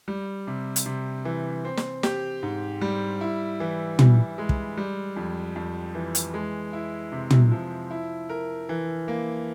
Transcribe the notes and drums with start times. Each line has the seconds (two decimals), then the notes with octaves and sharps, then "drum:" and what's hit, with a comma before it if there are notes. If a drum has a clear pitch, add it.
0.08 G3
0.47 C3
0.76 drum: hi-hat
0.86 C3
1.25 E3
1.65 C4
1.77 drum: snare
2.03 G4, drum: snare
2.43 G#2
2.81 G3
3.21 E4
3.60 E3
3.99 E3, drum: tom
4.38 G#3
4.49 drum: kick
4.77 G3
5.16 F2
5.56 F2
5.95 E3
6.15 drum: hi-hat
6.34 G#3
6.73 E4
7.12 C3
7.31 drum: tom
7.51 F3
7.91 E4
8.29 A#4
8.69 E3
9.08 A#3